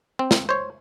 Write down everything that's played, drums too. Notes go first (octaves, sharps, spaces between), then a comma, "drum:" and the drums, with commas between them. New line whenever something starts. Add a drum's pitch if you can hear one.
C4
drum: snare
C5 C#5